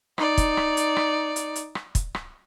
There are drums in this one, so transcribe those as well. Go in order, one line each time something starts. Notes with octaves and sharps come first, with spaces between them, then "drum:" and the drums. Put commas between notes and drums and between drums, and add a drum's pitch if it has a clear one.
D#4 D5, drum: rim click
drum: kick, hi-hat
drum: rim click
drum: hi-hat
drum: rim click
drum: hi-hat
drum: hi-hat
drum: rim click
drum: kick, hi-hat
drum: rim click